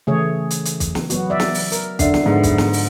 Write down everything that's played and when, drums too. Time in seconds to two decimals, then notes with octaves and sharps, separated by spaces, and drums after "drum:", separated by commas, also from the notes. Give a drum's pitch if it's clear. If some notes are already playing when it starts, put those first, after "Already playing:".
0.07 C#3 E3 A3 G#4 C#5
0.51 drum: hi-hat
0.65 drum: hi-hat
0.80 drum: kick, hi-hat
0.95 drum: snare
1.10 F#3 B3 F#4, drum: hi-hat
1.30 D5 E5
1.40 drum: snare
1.54 drum: open hi-hat
1.72 A#4, drum: hi-hat
1.99 D3 D5 E5 C7, drum: kick, hi-hat
2.14 drum: snare
2.23 G#2 D3 F3 B3
2.43 drum: kick, hi-hat
2.58 drum: snare
2.73 drum: open hi-hat